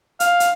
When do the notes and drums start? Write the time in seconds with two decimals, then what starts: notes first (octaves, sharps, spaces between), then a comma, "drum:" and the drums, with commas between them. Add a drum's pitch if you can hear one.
0.20 F5, drum: hi-hat
0.40 drum: hi-hat